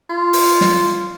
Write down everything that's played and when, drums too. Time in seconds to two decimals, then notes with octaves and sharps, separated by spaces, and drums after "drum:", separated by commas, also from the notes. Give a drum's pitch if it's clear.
0.10 F4
0.33 drum: open hi-hat
0.61 drum: snare